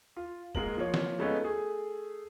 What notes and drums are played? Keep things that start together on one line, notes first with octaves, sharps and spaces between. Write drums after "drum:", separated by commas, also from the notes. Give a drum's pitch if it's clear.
F4
G#2 G#3 A#3 A#4 F#7, drum: kick
F3 A#3 F4 C#5
drum: snare
G#3 A3 B3 C#4 D#4
A3 G#4